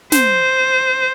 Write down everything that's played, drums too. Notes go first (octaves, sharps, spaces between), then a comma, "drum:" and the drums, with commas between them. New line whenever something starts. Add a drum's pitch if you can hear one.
C5, drum: snare